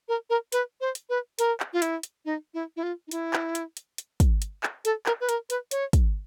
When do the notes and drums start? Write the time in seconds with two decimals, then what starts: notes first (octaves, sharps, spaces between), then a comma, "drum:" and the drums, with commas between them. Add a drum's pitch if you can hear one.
0.08 A#4
0.30 A#4
0.52 B4, drum: hi-hat
0.81 C5
0.95 drum: hi-hat
1.09 B4
1.39 A#4, drum: hi-hat
1.60 drum: clap
1.73 F4
1.82 E4, drum: hi-hat
2.03 drum: hi-hat
2.25 D#4
2.54 E4
2.76 E4
2.83 F4
3.08 D#4
3.11 E4, drum: hi-hat
3.33 drum: clap
3.55 drum: hi-hat
3.77 drum: hi-hat
3.98 drum: hi-hat
4.20 drum: kick, hi-hat
4.42 drum: hi-hat
4.63 drum: clap
4.85 A4, drum: hi-hat
5.06 A#4, drum: clap
5.21 B4
5.29 A#4, drum: hi-hat
5.50 B4, drum: hi-hat
5.71 C#5, drum: hi-hat
5.93 drum: kick, hi-hat